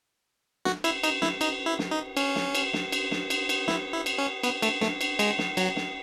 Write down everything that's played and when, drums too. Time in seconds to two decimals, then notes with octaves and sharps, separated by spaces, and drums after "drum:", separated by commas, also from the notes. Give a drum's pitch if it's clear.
0.65 F#4, drum: snare
0.84 E4, drum: cymbal
1.03 D#4, drum: cymbal
1.22 E4, drum: snare
1.41 D#4, drum: cymbal
1.66 E4
1.79 drum: snare
1.91 D#4
2.17 C#4, drum: cymbal
2.36 drum: snare
2.55 drum: cymbal
2.73 drum: snare
2.92 drum: cymbal
3.11 drum: snare
3.30 drum: cymbal
3.49 drum: cymbal
3.68 E4, drum: snare
3.93 E4
4.06 drum: cymbal
4.18 C#4
4.43 B3, drum: cymbal
4.62 A3, drum: cymbal
4.82 A3, drum: snare
5.01 drum: cymbal
5.19 G#3, drum: cymbal
5.38 drum: snare
5.57 F#3, drum: cymbal
5.76 drum: snare